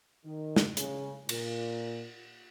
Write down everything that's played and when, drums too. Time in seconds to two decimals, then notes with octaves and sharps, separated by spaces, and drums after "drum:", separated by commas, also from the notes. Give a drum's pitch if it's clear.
0.25 D#3
0.56 drum: snare
0.77 C#3, drum: hi-hat
1.29 A#2, drum: cymbal